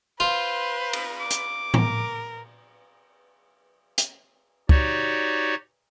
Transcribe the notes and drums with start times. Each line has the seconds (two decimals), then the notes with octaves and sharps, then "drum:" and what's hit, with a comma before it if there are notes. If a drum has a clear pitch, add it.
0.20 F4 B4 C5
0.93 drum: cymbal
1.21 D6
1.31 drum: hi-hat
1.74 A#4, drum: tom A2
3.98 drum: hi-hat
4.69 D#4 F#4 G4 C#5 D5, drum: kick